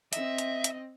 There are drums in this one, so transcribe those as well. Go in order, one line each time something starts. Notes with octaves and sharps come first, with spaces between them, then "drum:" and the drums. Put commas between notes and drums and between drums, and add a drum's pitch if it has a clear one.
C4 D#5 E5, drum: hi-hat
drum: hi-hat
drum: hi-hat